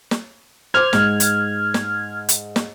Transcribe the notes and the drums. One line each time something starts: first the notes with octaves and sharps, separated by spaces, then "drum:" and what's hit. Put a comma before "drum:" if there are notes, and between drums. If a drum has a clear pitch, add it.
drum: snare
C5 D6 F6 G#6
G#2, drum: snare
drum: hi-hat
drum: snare
drum: hi-hat
drum: snare